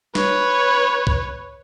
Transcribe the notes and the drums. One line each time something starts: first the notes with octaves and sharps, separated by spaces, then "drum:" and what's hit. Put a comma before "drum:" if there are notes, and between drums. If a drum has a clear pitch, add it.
B4 C#5, drum: snare
drum: kick